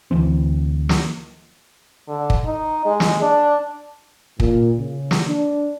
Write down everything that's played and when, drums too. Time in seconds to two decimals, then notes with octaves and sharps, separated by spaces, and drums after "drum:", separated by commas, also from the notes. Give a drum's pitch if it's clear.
0.11 D2 E3 C4
0.89 drum: snare
2.09 D3
2.30 drum: kick
2.45 D#4
2.86 G#3
3.00 drum: snare
3.22 D4
4.40 A#2, drum: kick
4.79 C#3
5.11 drum: snare
5.28 D4